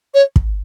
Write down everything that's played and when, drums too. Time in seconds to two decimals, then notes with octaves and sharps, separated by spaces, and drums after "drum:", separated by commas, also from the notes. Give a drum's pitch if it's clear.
0.14 C#5
0.36 drum: kick